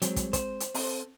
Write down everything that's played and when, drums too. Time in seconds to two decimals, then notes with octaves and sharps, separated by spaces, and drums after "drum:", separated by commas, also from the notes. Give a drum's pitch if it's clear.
0.02 F#3 G#3 C4, drum: hi-hat
0.16 drum: kick, hi-hat
0.33 C5, drum: kick, hi-hat
0.60 drum: hi-hat
0.74 C4 A4, drum: open hi-hat